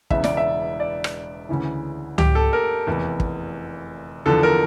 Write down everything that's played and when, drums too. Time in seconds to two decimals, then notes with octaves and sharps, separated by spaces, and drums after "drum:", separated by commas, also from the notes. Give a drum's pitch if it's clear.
0.10 E1 E2 C#3 E5, drum: kick
0.24 D5, drum: snare
0.37 E5
0.80 D5
1.04 drum: rim click
1.49 D2 C#3 E3
2.18 G4, drum: tom C#2
2.35 A4
2.53 A#4
2.87 F1 E2 E3
3.20 drum: kick
4.26 E2 D3 F3 A4
4.43 A#4